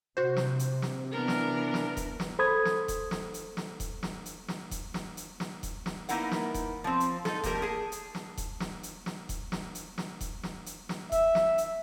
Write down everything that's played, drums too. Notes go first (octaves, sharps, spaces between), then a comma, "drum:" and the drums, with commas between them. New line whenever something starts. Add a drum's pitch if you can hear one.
C3 F#4 C5
drum: snare
drum: hi-hat
drum: snare
E3 B3 D4 A#4
drum: snare
drum: snare
drum: kick D#1, hi-hat
drum: snare
A4 C5 B5 D#6 G#6
drum: snare
drum: kick D#1, hi-hat
drum: snare
drum: hi-hat
drum: snare
drum: kick D#1, hi-hat
drum: snare
drum: hi-hat
drum: snare
drum: kick D#1, hi-hat
drum: snare
drum: hi-hat
drum: snare
drum: kick D#1, hi-hat
drum: snare
A#3 B3 D#4 E4 A#4 F#5, drum: hi-hat
drum: snare
drum: kick D#1, hi-hat
F3 C4
drum: hi-hat
D#4 A4, drum: snare
F3 A3 A#3 G4 A#4, drum: kick D#1, hi-hat
G#4 A5
drum: hi-hat
drum: snare
drum: kick D#1, hi-hat
drum: snare
drum: hi-hat
drum: snare
drum: kick D#1, hi-hat
drum: snare
drum: hi-hat
drum: snare
drum: kick D#1, hi-hat
drum: snare
drum: hi-hat
drum: snare
E5, drum: kick D#1, hi-hat
drum: snare
drum: hi-hat